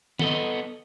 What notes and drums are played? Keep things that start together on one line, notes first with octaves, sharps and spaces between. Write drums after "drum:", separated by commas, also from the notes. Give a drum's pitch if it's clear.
B3 A4 D#5, drum: tom D#3